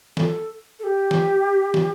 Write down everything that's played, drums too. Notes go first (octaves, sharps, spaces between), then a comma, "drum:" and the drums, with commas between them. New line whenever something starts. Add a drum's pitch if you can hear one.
A4, drum: snare
A4
G4
drum: snare
drum: snare